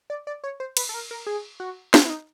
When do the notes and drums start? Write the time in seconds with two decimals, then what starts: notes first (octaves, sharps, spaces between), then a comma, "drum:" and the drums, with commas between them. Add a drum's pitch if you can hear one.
0.10 D5
0.27 D5
0.44 C#5
0.60 C5
0.77 B4, drum: cymbal
0.89 A4
0.94 A#4
1.11 A#4
1.27 G#4
1.60 F#4
1.94 F4, drum: snare
2.05 E4
2.10 D#4